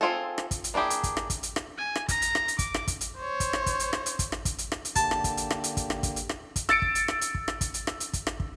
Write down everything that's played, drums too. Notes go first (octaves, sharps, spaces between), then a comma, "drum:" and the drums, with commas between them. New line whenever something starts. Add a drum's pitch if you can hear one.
C4 D4 F4 G#4 A4
drum: rim click
drum: kick, hi-hat
drum: hi-hat
A#3 D4 E4 G4 G#4
drum: hi-hat
drum: kick, hi-hat
drum: rim click
drum: kick, hi-hat
drum: hi-hat
drum: rim click
G#5
drum: rim click
A#5, drum: kick, hi-hat
drum: hi-hat
drum: rim click
drum: hi-hat
D6, drum: kick, hi-hat
drum: rim click
drum: kick, hi-hat
drum: hi-hat
C5 C#5
drum: kick, hi-hat
drum: rim click
drum: kick, hi-hat
drum: hi-hat
drum: rim click
drum: hi-hat
drum: kick, hi-hat
drum: rim click
drum: kick, hi-hat
drum: hi-hat
drum: rim click
drum: hi-hat
D3 A#3 G4 A5, drum: kick, hi-hat
drum: rim click
drum: kick, hi-hat
drum: hi-hat
drum: rim click
drum: hi-hat
drum: kick, hi-hat
drum: rim click
drum: kick, hi-hat
drum: hi-hat
drum: rim click
drum: kick, hi-hat
E6 A6 C#7 D7, drum: rim click
drum: kick
drum: hi-hat
drum: rim click
drum: hi-hat
drum: kick
drum: rim click
drum: kick, hi-hat
drum: hi-hat
drum: rim click
drum: hi-hat
drum: kick, hi-hat
drum: rim click
drum: kick